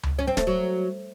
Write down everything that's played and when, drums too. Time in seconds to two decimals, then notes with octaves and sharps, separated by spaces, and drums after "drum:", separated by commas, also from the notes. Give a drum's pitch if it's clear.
0.03 drum: tom C#2
0.19 C#4
0.27 C4
0.37 A3, drum: snare
0.47 F#3